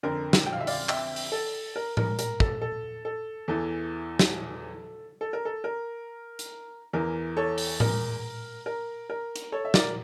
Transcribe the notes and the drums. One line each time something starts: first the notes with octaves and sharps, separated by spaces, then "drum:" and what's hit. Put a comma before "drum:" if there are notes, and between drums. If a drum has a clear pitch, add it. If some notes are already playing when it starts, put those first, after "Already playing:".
F2 D3 A#4
drum: snare
G5
F5
E5
D5 F5, drum: open hi-hat
E5 G5, drum: clap
drum: open hi-hat
A4
A#4
A#4, drum: tom A2
A#4, drum: hi-hat
A4, drum: kick
A4
A4
E2 E3 A4
drum: snare
A4
A#4
A4
A#4
drum: hi-hat
E2 E3 A#4
A4 C#5
drum: open hi-hat
A#4, drum: tom A2
A#4
A#4
drum: hi-hat
A4 C#5
E5
A#4 D5, drum: snare